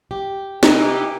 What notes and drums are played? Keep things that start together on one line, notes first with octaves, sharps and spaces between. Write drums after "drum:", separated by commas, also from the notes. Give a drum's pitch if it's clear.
G4
C3 E3 D#4 G4 A#4 D#5, drum: snare